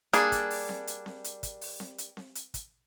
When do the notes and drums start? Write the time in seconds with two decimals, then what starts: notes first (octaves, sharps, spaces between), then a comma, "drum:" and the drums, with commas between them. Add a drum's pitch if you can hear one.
0.13 G3 A#3 D4 G#4, drum: hi-hat
0.32 drum: kick, hi-hat
0.50 drum: open hi-hat
0.69 drum: snare C4
0.87 drum: hi-hat
1.06 drum: snare C4
1.24 drum: hi-hat
1.43 drum: kick, hi-hat
1.61 drum: open hi-hat
1.80 drum: snare C4
1.98 drum: hi-hat
2.17 drum: snare C4
2.35 drum: hi-hat
2.54 drum: kick, hi-hat